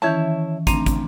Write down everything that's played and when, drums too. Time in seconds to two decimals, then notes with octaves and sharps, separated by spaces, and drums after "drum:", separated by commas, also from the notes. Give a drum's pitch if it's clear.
0.02 D#3 E3 C#4 E4 C#5 A5
0.67 A3 C4 D4 A#5, drum: kick, hi-hat
0.86 drum: kick, hi-hat